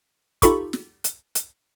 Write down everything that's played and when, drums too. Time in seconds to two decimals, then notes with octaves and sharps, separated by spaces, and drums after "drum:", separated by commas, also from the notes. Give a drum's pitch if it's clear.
0.42 D#4 F4 G4 A4 B5 C#6, drum: kick, hi-hat
0.73 drum: snare
1.04 drum: hi-hat
1.35 drum: hi-hat